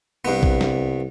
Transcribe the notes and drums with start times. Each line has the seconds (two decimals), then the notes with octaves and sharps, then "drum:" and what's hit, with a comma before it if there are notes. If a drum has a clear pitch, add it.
0.25 C2 G2 B3
0.43 drum: kick
0.61 drum: snare